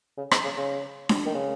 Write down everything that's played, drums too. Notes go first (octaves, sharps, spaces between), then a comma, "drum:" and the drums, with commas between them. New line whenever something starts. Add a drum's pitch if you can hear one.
C#3
G#2, drum: rim click
C#3
C#3
drum: snare D4
D#3
C#3